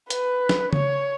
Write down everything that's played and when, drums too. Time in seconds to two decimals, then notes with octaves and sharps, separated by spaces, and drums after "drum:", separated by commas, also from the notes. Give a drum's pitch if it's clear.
0.10 B4, drum: hi-hat
0.49 drum: snare
0.73 C#5, drum: tom C#3